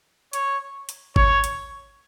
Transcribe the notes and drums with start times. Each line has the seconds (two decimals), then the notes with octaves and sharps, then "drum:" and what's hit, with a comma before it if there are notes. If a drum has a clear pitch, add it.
0.33 C#5, drum: hi-hat
0.89 drum: hi-hat
1.16 C#5, drum: kick G#1
1.44 drum: hi-hat